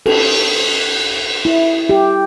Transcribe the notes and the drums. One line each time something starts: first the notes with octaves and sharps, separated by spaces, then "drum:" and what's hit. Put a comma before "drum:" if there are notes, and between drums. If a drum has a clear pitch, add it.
A4, drum: cymbal
E4
G4